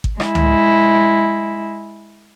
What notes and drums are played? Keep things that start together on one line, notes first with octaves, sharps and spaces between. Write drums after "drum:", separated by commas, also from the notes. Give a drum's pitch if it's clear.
drum: kick G#1
G#3 E4, drum: rim click
drum: tom C#2